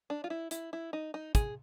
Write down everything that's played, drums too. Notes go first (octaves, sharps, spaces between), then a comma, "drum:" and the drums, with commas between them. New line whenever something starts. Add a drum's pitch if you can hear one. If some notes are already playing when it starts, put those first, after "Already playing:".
D4
F4
E4
E4, drum: hi-hat
E4
D#4
D#4
G#4, drum: kick, hi-hat